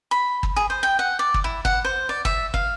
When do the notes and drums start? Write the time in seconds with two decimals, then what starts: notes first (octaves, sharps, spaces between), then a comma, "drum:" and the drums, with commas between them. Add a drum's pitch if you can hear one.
0.11 B5
0.43 drum: kick
0.56 G#4
0.70 C5
0.83 G5
0.99 F#5
1.19 D5
1.34 drum: kick
1.44 E4
1.65 F#5, drum: kick
1.84 C5
2.09 D5
2.25 E5, drum: kick
2.54 F5, drum: kick